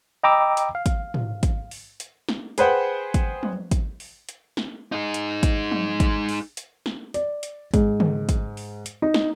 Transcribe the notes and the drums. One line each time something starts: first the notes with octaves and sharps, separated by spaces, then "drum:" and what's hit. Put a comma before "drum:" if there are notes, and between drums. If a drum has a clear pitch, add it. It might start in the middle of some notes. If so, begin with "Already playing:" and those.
D#5 G5 A#5 B5 D6 E6
drum: hi-hat
F5
drum: kick, hi-hat
drum: tom
drum: kick, hi-hat
drum: open hi-hat
drum: hi-hat
drum: snare
G#4 B4 C5 F#5 G5, drum: hi-hat
drum: kick, hi-hat
drum: tom
drum: kick, hi-hat
drum: open hi-hat
drum: hi-hat
drum: snare
D#4 G#4
drum: hi-hat
drum: kick, hi-hat
drum: tom
drum: kick, hi-hat
drum: open hi-hat
drum: hi-hat
drum: snare
D5, drum: hi-hat
drum: hi-hat
G#2, drum: kick, hi-hat
drum: tom
drum: kick, hi-hat
drum: open hi-hat
drum: hi-hat
D#4
drum: snare